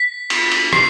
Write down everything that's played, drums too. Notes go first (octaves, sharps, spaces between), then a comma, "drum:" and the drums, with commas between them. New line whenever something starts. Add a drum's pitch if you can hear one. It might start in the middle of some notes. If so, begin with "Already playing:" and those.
Already playing: B6
drum: cymbal
drum: cymbal
C7, drum: rim click